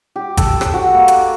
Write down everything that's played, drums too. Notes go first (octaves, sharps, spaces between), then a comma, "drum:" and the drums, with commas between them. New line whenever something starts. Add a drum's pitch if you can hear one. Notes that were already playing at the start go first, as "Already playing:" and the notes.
G4
A4, drum: kick G#1, hi-hat
drum: rim click
F#4
A#3
drum: hi-hat